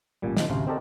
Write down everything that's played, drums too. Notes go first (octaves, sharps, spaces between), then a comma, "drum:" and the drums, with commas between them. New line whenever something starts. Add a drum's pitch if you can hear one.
A1 A#2 G3
D#3 F3 C4, drum: snare
A1 D2 C3 A3 C5 F5
C4 D#4 G4 A4 A#4 D5